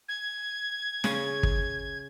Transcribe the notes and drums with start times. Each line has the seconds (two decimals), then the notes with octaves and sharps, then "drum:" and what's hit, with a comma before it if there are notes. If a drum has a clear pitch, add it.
0.08 G#6
1.04 C#3, drum: snare
1.43 drum: kick